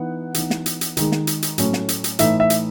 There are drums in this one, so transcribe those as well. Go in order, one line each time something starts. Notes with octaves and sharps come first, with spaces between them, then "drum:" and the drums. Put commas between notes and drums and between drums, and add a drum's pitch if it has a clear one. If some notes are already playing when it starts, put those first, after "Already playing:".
Already playing: E3 B3 D#4 F#5
E3 B3 D#4, drum: hi-hat
drum: snare
drum: hi-hat
drum: hi-hat
D#3 G#3 D#4, drum: hi-hat
drum: snare
drum: hi-hat
drum: hi-hat
A2 F#3 A3 C#4, drum: hi-hat
drum: snare
drum: hi-hat
drum: hi-hat
A2 E3 A3 D#4 E5, drum: hi-hat
E5
drum: hi-hat